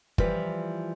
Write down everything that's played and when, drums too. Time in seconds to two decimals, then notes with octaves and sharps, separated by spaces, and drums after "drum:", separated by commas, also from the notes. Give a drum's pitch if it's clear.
0.18 E3 F3 G3 B4, drum: kick